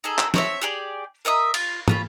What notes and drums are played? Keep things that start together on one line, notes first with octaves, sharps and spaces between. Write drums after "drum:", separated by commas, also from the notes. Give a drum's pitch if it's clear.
D#4 G#4 A4
drum: clap
C4 C#5 E5, drum: snare
G4 G#4 D5
A#4 D#5 E5 D#6
F4, drum: cymbal
C#4 F4 B5, drum: tom